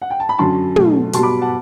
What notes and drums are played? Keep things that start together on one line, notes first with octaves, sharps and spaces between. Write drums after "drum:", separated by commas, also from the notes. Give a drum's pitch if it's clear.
F#5
G5
A5
B5
F#2 D3 F#3 A5 C6
B2 F#3 A3, drum: tom
B2 G3 B3 A5 C6, drum: hi-hat
B5 D6
F#5 A5